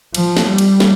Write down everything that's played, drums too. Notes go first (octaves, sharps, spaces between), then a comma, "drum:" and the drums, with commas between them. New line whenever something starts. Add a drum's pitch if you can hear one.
F3, drum: cymbal
drum: snare
G3
drum: cymbal
drum: snare